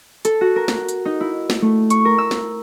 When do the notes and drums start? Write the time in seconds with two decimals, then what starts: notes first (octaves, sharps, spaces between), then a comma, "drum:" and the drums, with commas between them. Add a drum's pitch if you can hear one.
0.25 A4, drum: hi-hat
0.41 F#4
0.56 A#4
0.68 drum: snare
0.89 drum: hi-hat
1.05 D#4
1.21 E4
1.50 drum: snare
1.62 A3
1.90 C#6, drum: hi-hat
2.05 A#4
2.18 E6
2.31 drum: snare